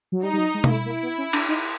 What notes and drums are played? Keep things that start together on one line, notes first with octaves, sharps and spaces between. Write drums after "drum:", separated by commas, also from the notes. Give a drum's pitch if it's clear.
F#3
G3 D#4
G3
F#3
G#3
A#3, drum: tom B2
A3 E4
A#3
B3
C#4
D4, drum: cymbal
D#4